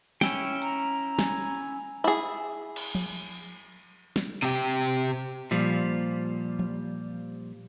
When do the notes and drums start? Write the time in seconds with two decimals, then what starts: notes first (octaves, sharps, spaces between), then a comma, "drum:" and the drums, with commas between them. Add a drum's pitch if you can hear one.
0.21 C#4 E4 G5 G#5, drum: snare
0.62 A#5, drum: hi-hat
1.19 G#5, drum: snare
2.04 E4 G#4
2.76 drum: cymbal
2.95 drum: tom F3
4.16 drum: snare
4.42 C3 G4
5.51 A#2 F3 G3, drum: open hi-hat
6.59 drum: tom F3